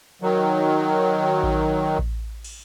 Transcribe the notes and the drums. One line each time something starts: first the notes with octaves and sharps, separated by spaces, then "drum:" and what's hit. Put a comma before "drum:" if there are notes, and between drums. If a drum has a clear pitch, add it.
D#3 F#3
drum: kick A1
drum: kick A1
drum: cymbal